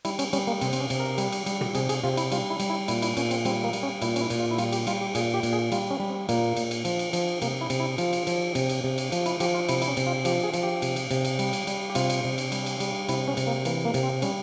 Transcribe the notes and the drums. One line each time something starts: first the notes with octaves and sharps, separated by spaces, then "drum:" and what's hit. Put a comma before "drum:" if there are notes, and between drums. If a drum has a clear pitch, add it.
G3 E4, drum: cymbal
C#4, drum: cymbal
G3 C#4, drum: cymbal
A#3
C3 C4, drum: cymbal
C4, drum: cymbal
C#4
C3, drum: cymbal
A#4
G3, drum: cymbal
drum: cymbal
G3, drum: cymbal
drum: tom
C3 G#4, drum: cymbal
G#4, drum: cymbal
C3 F4
E4, drum: cymbal
G3 F4, drum: cymbal
E4
G3, drum: cymbal
E4
A#2 E4, drum: cymbal
E4, drum: cymbal
A#2 C#4, drum: cymbal
C4, drum: cymbal
G3 C4, drum: cymbal
A#3
G3, drum: cymbal
C#4
A#2 E4, drum: cymbal
C#4, drum: cymbal
E4
A#2, drum: cymbal
F4
E4
G3 F4, drum: cymbal
G4, drum: cymbal
G3 F4, drum: cymbal
G4
A#2 G#4, drum: cymbal
G4
A#2, drum: cymbal
G#4
G3 F4, drum: cymbal
C#4
G3
C4
A#2 A#3, drum: cymbal
A#2, drum: cymbal
drum: cymbal
F3, drum: cymbal
drum: cymbal
F3, drum: cymbal
C3 A#3, drum: cymbal
E4
C3, drum: cymbal
E4
F3 F4, drum: cymbal
drum: cymbal
F3, drum: cymbal
C3, drum: cymbal
drum: cymbal
C3
drum: cymbal
F3, drum: cymbal
E4, drum: cymbal
F3 G4, drum: cymbal
F4
C3 E4, drum: cymbal
E4, drum: cymbal
C#4
C3, drum: cymbal
F4
F3 G4, drum: cymbal
G#4
F3, drum: cymbal
G4
C3, drum: cymbal
drum: cymbal
C3, drum: cymbal
drum: cymbal
G3, drum: cymbal
drum: cymbal
G3, drum: cymbal
G4
C3 F4, drum: cymbal
drum: cymbal
C3
drum: cymbal
G3, drum: cymbal
drum: cymbal
G3, drum: cymbal
C3 E4, drum: cymbal
C#4
C3, drum: cymbal
A#3
E3 A#3, drum: cymbal
A#3
C3, drum: cymbal
C4
G3 C#4, drum: cymbal